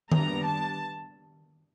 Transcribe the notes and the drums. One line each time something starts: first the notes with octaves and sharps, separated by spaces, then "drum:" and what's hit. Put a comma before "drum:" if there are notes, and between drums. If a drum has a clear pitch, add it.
G3 B3 D4 A#5, drum: tom D#3
A5